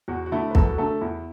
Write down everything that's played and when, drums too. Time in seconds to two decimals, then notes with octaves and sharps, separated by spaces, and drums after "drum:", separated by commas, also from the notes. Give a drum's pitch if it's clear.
0.08 E2 F#4
0.26 F#4
0.32 D3 A3 E4
0.51 B4
0.55 E2 A4, drum: kick
0.68 F#4
0.78 D3 A3 A4
1.01 E2 E4